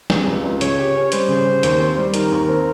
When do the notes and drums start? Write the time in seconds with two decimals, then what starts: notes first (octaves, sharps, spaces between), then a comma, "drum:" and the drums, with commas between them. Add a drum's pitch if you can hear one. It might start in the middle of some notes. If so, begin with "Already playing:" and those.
0.10 C3, drum: snare
0.27 C#2
0.44 C#2
0.61 C#3 C#5, drum: hi-hat
0.78 G4
0.95 C#4
1.12 G3 C5, drum: hi-hat
1.28 C#3
1.46 G4
1.63 D#2, drum: hi-hat
1.80 C4
1.97 G3
2.14 D#3 A#4, drum: hi-hat
2.32 D#2
2.48 C4